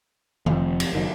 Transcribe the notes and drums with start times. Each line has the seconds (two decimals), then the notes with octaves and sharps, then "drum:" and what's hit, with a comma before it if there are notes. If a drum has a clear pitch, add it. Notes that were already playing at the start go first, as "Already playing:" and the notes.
0.46 F1 F3, drum: tom D#3
0.80 drum: cymbal
0.93 F#1 D#3 F#3